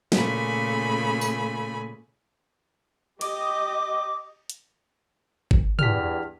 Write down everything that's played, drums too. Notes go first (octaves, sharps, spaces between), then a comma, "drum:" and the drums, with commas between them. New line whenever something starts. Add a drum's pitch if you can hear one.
A#2 C#3 A3 G#5 B5, drum: snare
drum: tambourine
G4 D#5 D6, drum: cymbal
drum: hi-hat
drum: kick G1
E2 G2 F6 B6, drum: tom